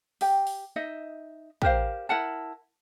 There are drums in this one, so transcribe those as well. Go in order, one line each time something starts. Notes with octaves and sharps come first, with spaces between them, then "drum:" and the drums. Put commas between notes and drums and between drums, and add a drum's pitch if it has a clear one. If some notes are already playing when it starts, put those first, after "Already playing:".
G4 G5, drum: open hi-hat
drum: open hi-hat
D#4 D#5 E5
G4 A#4 C5 F5, drum: kick
E4 A#4 F#5 A5